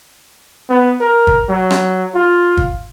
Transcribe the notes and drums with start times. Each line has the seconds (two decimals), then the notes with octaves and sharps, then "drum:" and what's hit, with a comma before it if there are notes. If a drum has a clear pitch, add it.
0.70 B3
1.00 A#4
1.27 drum: kick
1.49 F#3
1.71 drum: rim click
2.15 F4
2.57 drum: kick